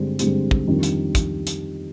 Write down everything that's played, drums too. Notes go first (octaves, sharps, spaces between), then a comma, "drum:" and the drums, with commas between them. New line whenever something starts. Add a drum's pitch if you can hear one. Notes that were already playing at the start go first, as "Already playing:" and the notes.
Already playing: G2 D3 G#3 C4 G4
G2 D3 G#3 C4 G4, drum: hi-hat
drum: kick
F2 D#3 G3 D4
drum: hi-hat
drum: kick, hi-hat
drum: hi-hat